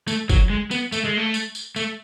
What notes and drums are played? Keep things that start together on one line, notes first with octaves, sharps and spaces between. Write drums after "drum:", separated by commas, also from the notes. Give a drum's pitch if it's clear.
A3, drum: tambourine
F#3, drum: kick F#1, tambourine
G#3
B3, drum: tambourine
A3, drum: tambourine
G#3
A3
drum: tambourine
drum: tambourine
A3, drum: tambourine